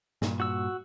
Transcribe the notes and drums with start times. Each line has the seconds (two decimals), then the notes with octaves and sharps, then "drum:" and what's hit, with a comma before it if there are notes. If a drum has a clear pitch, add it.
0.22 G2 A#2, drum: snare
0.40 F#4 E6